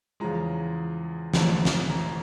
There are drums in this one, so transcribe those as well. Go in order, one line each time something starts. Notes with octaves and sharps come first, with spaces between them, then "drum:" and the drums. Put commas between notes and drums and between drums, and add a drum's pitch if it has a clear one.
E2 C#3 F3 G#3 A#5
A1 G#2 F3 A3, drum: snare
drum: snare
A#5